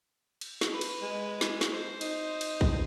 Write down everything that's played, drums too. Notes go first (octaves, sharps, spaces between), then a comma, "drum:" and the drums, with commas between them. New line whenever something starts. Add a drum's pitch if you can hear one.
drum: cymbal
drum: snare
B4
drum: cymbal
G#3
drum: snare
drum: snare
C5
D#4, drum: cymbal
drum: cymbal
drum: kick